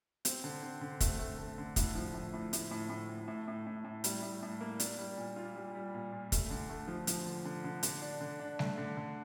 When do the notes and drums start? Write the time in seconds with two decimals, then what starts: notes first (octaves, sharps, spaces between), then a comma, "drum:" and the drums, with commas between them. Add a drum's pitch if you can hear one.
0.25 C4, drum: hi-hat
0.44 D3
0.62 C4
0.81 D3
1.00 A3, drum: kick, hi-hat
1.19 A3
1.38 A3
1.58 D3
1.76 A2, drum: kick, hi-hat
1.95 F3
2.14 A2
2.33 A2
2.53 A2, drum: hi-hat
2.71 A2
2.90 A2
3.09 A2
3.28 A2
3.48 A2
3.66 A2
3.84 A2
4.04 G3, drum: hi-hat
4.22 A2
4.42 A2
4.61 A#3
4.80 D4, drum: hi-hat
4.98 G3
5.17 A#2
5.36 F4
5.56 G3
5.75 G3
5.94 A#2
6.12 A#2
6.32 A3, drum: kick, hi-hat
6.50 D3
6.70 A3
6.88 F3
7.07 F3, drum: hi-hat
7.26 D3
7.45 D3
7.64 D3
7.83 D3, drum: hi-hat
8.02 D4
8.21 D3
8.40 D4
8.59 A3, drum: snare
8.78 D3
8.97 D3